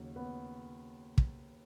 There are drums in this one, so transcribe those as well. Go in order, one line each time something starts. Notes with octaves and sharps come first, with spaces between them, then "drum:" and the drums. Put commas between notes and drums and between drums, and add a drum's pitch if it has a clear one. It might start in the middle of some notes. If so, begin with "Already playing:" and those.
Already playing: D#2 C#3 F#3
B3 B4
drum: kick